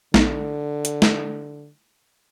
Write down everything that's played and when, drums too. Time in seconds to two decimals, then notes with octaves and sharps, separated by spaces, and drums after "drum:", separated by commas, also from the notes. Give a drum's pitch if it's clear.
0.14 A#1 D3 B3 D#4, drum: snare
0.85 drum: hi-hat
1.02 drum: snare